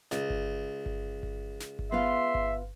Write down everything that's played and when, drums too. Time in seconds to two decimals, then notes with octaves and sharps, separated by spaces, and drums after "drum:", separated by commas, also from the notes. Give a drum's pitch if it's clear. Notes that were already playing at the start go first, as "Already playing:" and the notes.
0.11 C#2, drum: snare
0.30 drum: kick G1
0.86 drum: kick G1
1.23 drum: kick G1
1.60 drum: snare
1.79 drum: kick G1
1.92 B3 F4 E5 C6
2.35 drum: kick G1